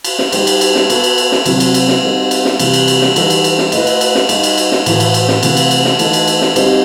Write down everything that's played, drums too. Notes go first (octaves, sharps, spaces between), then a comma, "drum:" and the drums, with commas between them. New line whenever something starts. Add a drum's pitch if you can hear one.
drum: cymbal
drum: snare
G3 D#4 G4 C5 D#5, drum: cymbal
drum: cymbal
drum: cymbal
drum: snare
B3 F#4 A4, drum: cymbal
drum: cymbal
drum: cymbal
drum: snare
C3 F#3 C4 E4, drum: cymbal
drum: cymbal
drum: cymbal
drum: snare
G3 C4 D#4 A4 C5
drum: cymbal
drum: snare
C3 E3 G3, drum: cymbal
drum: cymbal
drum: cymbal
drum: snare
E3 G3 D#4 A4 D#5, drum: cymbal
drum: cymbal
drum: cymbal
drum: snare
A3 E4 B4 D#5, drum: cymbal
drum: cymbal
drum: cymbal
drum: snare
G3 D#4 G4, drum: cymbal
drum: cymbal
drum: cymbal
drum: snare
A2 E3 A3, drum: cymbal
drum: cymbal
drum: cymbal
drum: snare
C3 E3 A3 C4, drum: cymbal
drum: cymbal
drum: cymbal
drum: snare
E3 A3 D#4 A4, drum: cymbal
drum: cymbal
drum: cymbal
drum: snare
G3 C4 D#4 G4 C5, drum: cymbal